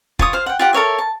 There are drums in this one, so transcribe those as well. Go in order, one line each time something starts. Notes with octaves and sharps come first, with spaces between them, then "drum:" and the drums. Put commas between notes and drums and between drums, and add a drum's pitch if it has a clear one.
F4 C#5 D#6, drum: kick
C5 F5
F#5 G5
F4 G4 F#5
A4 A#4 C#5 E5
A5